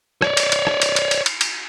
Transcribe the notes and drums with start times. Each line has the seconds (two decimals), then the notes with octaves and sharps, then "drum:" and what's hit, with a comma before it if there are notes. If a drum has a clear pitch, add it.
0.22 C#5 D5, drum: rim click
0.37 drum: cymbal
0.52 drum: cymbal
0.67 drum: rim click
0.82 drum: cymbal
0.96 drum: cymbal
1.11 drum: cymbal
1.26 drum: cymbal
1.41 drum: cymbal